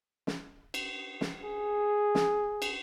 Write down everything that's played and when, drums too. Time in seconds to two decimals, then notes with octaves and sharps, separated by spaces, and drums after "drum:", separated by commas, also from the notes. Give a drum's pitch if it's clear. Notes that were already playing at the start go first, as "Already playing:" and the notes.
0.27 drum: snare
0.74 drum: cymbal
1.21 drum: snare
1.44 G#4
2.15 drum: snare
2.62 drum: cymbal